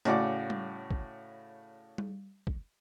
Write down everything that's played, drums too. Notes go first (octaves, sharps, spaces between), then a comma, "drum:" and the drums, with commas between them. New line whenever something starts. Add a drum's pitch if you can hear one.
A2 C#3 F#4 D5 F#5 D6, drum: hi-hat
drum: tom G3
drum: kick
drum: tom G3
drum: kick